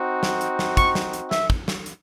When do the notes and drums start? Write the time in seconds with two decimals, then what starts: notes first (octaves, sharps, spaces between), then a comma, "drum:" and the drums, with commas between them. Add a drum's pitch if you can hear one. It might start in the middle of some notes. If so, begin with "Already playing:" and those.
Already playing: C4 D#4 F#4
0.23 drum: snare
0.41 drum: hi-hat
0.59 drum: snare
0.77 C#6, drum: kick, hi-hat
0.95 drum: snare
1.13 drum: hi-hat
1.31 E5, drum: snare
1.50 drum: kick
1.68 drum: snare
1.86 drum: hi-hat